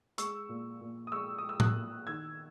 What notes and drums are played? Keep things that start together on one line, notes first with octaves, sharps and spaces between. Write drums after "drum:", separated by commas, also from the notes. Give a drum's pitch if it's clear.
G#3 C#6 E6, drum: hi-hat
A#2
A#2
D#6
G#3 C#6 E6
D#6
G#3
E6
D#6 F#6, drum: tom A2
A#2
D#3 E6 G#6